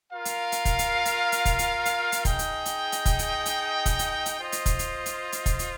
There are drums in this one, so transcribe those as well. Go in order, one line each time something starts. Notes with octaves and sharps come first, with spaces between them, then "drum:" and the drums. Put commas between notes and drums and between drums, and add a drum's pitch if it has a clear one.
F4 A#4 F5
drum: hi-hat
drum: hi-hat
drum: kick, hi-hat
drum: hi-hat
drum: hi-hat
drum: hi-hat
drum: kick, hi-hat
drum: hi-hat
drum: hi-hat
drum: hi-hat
D#4 G#4 D#5 G5, drum: kick, hi-hat
drum: hi-hat
drum: hi-hat
drum: hi-hat
drum: kick, hi-hat
drum: hi-hat
drum: hi-hat
drum: kick, hi-hat
drum: hi-hat
drum: hi-hat
F4 C5 D#5
drum: hi-hat
drum: kick, hi-hat
drum: hi-hat
drum: hi-hat
drum: hi-hat
drum: kick, hi-hat
drum: hi-hat